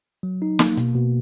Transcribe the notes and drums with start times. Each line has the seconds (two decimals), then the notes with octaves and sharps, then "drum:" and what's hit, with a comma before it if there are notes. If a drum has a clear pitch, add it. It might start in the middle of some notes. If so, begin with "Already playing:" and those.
0.23 F#3
0.42 D#4
0.59 A#3, drum: snare
0.77 B2, drum: hi-hat
0.95 B2